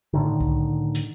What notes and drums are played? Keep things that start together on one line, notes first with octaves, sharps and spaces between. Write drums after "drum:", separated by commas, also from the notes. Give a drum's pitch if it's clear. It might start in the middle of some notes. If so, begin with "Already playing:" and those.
A2 D3 D#3
drum: kick C2
drum: hi-hat